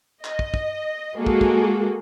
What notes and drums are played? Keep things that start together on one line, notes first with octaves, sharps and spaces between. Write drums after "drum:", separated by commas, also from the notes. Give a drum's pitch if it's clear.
D#5, drum: clap
drum: kick
drum: kick
G#3 A#3 F#4 G#4 A4
drum: kick
drum: kick